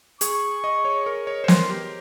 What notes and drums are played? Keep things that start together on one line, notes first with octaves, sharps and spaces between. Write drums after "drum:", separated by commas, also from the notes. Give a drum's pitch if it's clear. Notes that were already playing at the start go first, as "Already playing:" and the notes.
G#4 C#6, drum: hi-hat
D#5
C#5
A#4
C#5
C5
A#4 C6, drum: snare
G4